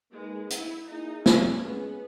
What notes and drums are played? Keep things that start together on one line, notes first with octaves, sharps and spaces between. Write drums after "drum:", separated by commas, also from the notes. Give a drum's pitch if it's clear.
G#3 A#3 D#4 G#4 B4
E4, drum: hi-hat
A#3 D#4 E4 G#4
C#4, drum: snare
G#3 B3 C#4 G#4 B4